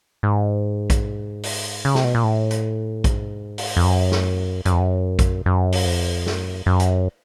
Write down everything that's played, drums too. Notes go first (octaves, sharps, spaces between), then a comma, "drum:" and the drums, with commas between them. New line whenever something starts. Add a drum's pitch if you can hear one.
G#2
drum: kick A#1, hi-hat
drum: open hi-hat
C#3
C3, drum: snare
B2
A#2
A2
drum: hi-hat
G#2, drum: kick A#1, hi-hat
drum: open hi-hat
F2
F#2
drum: snare
F#2, drum: hi-hat
F2
F#2
drum: kick A#1, hi-hat
F#2
drum: open hi-hat
F2
F#2, drum: snare
F#2
drum: hi-hat